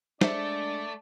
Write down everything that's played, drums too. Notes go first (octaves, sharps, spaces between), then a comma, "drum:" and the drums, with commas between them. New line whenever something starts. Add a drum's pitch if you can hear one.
G#3 A3 D4 C5 D5 E5, drum: snare